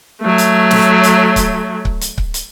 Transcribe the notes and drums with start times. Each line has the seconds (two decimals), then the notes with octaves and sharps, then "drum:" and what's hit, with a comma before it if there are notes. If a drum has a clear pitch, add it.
0.22 F#3 A3
0.38 drum: hi-hat
0.71 drum: snare
1.03 drum: hi-hat
1.36 drum: kick C#1, hi-hat
1.85 drum: kick C#1
2.01 drum: hi-hat
2.18 drum: kick C#1
2.34 drum: hi-hat